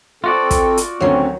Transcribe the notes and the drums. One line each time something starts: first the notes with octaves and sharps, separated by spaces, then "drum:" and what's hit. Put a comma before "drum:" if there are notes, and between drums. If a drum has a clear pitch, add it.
C4 F4 F#4 A4 D5
drum: kick, hi-hat
drum: hi-hat
D2 D3 D#3 F#3 C4 C#4